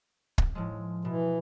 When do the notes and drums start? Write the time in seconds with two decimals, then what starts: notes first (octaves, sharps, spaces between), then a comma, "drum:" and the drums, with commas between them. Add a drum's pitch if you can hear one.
0.38 drum: kick
0.55 A2 F3 G#3
1.05 B2 E3